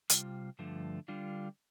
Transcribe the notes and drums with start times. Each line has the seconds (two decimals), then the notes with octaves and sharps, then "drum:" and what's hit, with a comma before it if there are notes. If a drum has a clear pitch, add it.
0.10 C3 G3 F4, drum: hi-hat
0.59 G2 D3 F3 A3
1.08 D3 G3 D4 F4